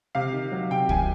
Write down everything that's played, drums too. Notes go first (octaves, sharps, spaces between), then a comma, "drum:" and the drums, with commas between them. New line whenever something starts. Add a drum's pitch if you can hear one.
C3 F5
D#3
F#3
C3 G5
D#3 G#5, drum: kick